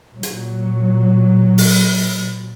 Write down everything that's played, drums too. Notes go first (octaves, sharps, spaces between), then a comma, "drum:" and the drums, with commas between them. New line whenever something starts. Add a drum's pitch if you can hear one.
A#2 F#3
drum: hi-hat
drum: open hi-hat